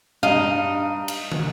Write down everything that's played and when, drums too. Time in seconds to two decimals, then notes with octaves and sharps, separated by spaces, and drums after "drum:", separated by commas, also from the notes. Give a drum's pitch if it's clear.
0.23 G2 D#4 F5
1.08 drum: cymbal
1.32 drum: tom